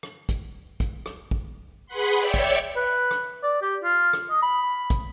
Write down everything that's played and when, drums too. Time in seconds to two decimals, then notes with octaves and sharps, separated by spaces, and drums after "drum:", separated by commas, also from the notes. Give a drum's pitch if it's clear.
0.03 drum: rim click
0.29 drum: kick, hi-hat
0.80 drum: kick, hi-hat
1.06 drum: rim click
1.31 drum: kick
1.86 G#4 B4 F#5 B5 C6
2.16 C#5 D5 E5 G5 C#6
2.34 drum: kick, hi-hat
2.76 B4
3.11 drum: rim click
3.43 D5
3.62 G4
3.83 F4
4.13 drum: rim click
4.30 D#5
4.42 B5
4.90 drum: kick, hi-hat